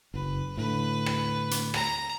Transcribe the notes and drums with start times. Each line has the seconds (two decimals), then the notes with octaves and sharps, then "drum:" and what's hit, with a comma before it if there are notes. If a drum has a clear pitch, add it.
0.14 F#1 B4
0.57 A2 D3 B4
1.06 drum: rim click
1.51 drum: hi-hat
1.74 A#5, drum: rim click